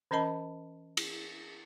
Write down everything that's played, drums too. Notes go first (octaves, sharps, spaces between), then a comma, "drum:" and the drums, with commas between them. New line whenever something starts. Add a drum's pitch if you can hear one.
E3 C#4 A#4 D#5 A5 B5
drum: cymbal